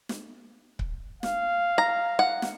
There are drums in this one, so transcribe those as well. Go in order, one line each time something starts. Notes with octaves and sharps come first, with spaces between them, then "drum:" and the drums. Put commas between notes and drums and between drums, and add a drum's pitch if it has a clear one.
drum: snare
drum: kick C#1
F5, drum: snare
A#5
F#5
drum: snare